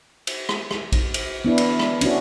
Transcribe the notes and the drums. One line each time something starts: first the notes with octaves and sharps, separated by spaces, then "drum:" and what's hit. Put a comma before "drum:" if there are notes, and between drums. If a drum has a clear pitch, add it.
drum: cymbal
drum: rim click
drum: rim click
drum: kick A#1, cymbal
drum: cymbal
B3 D4 E4
drum: cymbal
drum: rim click
C#4 D4 E4 F#4, drum: cymbal